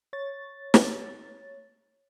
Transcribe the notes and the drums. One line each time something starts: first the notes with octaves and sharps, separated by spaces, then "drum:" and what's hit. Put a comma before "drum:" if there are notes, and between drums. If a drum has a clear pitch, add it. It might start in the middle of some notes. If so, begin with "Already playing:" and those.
C#5 A6
drum: snare